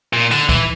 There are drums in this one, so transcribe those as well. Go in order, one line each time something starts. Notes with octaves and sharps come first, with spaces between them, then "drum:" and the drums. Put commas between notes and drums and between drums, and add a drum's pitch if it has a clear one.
A#2
D3, drum: tambourine
E3, drum: kick C#2, tambourine